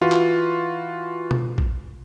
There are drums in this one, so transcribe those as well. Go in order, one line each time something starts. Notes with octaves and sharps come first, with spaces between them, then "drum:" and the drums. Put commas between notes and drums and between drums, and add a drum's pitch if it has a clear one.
E3 F4 F#4 B4
drum: clap
drum: tom B2
drum: kick